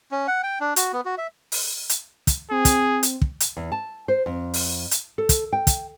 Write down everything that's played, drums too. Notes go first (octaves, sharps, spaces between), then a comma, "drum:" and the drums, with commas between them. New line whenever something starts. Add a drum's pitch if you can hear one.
C#4
F#5
G5
D4
F#4, drum: hi-hat
B3
F#4
E5
drum: open hi-hat
drum: hi-hat
drum: kick, hi-hat
C4 G#4
drum: kick, hi-hat
drum: hi-hat
drum: kick
drum: hi-hat
E2
A5
C5
F2
drum: open hi-hat
drum: hi-hat
A4
drum: kick, hi-hat
G5
drum: kick, hi-hat